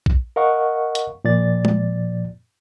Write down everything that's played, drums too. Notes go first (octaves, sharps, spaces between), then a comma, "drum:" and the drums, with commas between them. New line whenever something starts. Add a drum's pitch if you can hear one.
drum: kick A#1
A#4 D#5 F5 F#5 C#6
drum: hi-hat
A#2 F3 D5 A6
drum: tom G#3